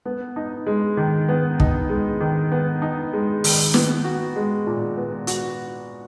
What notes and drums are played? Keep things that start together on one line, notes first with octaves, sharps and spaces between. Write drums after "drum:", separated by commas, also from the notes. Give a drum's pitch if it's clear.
B3
D#4
G#3
D#3
B3
D#4, drum: kick
G#3
D#3
B3
D#4
G#3
D#3, drum: open hi-hat
B3, drum: snare
F#4
G#3
A#2
B3
F#4, drum: hi-hat